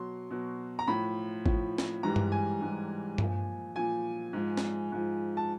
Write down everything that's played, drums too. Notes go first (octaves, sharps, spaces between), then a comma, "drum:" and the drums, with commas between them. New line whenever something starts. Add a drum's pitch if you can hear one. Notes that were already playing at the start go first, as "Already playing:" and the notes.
Already playing: B2 F#3 C6
B2 F#3
A#5
A2 F3 B5
A2 F3, drum: kick G#1
drum: snare
G#2 E3 G3 A#5
drum: tom G2
G#5
G#2 E3 G3
A#2 F3, drum: tom G2
A#2 F3 G#5
G#2 F3
drum: snare
G#2 F3
A5